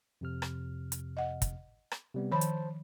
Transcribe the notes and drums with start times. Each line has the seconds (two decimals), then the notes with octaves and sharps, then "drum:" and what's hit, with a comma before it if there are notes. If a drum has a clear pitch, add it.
0.21 F2 C3 F6
0.42 drum: rim click
0.92 drum: hi-hat
1.17 D#5 F#5
1.42 drum: kick, hi-hat
1.91 drum: rim click
2.14 C3 G3 B3
2.32 D#3 F3 C5 A5 B5
2.41 drum: hi-hat